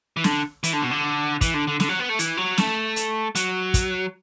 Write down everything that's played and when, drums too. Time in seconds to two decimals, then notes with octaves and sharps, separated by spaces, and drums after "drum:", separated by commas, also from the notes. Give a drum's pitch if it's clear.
0.17 E3
0.24 D3, drum: snare
0.63 E3, drum: hi-hat
0.73 D3
0.83 B2
0.91 D3
1.41 E3, drum: kick, hi-hat
1.54 D3
1.67 D3
1.80 D3, drum: snare
1.89 F#3
1.99 B3
2.09 A3
2.19 E3, drum: hi-hat
2.37 F#3
2.58 A3, drum: snare
2.96 drum: hi-hat
3.35 F#3, drum: hi-hat
3.74 drum: kick, hi-hat